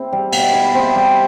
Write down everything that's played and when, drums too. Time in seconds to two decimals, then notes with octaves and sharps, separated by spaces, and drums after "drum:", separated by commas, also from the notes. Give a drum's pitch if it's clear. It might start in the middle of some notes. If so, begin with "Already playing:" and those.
Already playing: C4 E4
0.13 G3
0.32 B2, drum: cymbal
0.53 E4
0.75 C4
0.95 G3